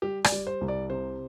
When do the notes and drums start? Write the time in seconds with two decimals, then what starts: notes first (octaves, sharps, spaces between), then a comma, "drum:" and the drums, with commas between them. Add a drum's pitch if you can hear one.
0.02 G3 G4
0.24 D5, drum: rim click
0.32 G3
0.47 C5
0.61 C2
0.68 D5
0.90 C3 C5